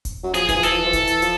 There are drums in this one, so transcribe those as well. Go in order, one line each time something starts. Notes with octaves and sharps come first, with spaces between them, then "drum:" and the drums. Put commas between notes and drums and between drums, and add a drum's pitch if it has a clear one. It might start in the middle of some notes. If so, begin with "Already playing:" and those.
drum: kick D#1, hi-hat
F#3
F3 G#4, drum: hi-hat
E3 G#4, drum: kick D#1, hi-hat
F3
E3 A4, drum: hi-hat
F3
E3
F3
E3, drum: kick D#1, hi-hat
drum: hi-hat
F3, drum: hi-hat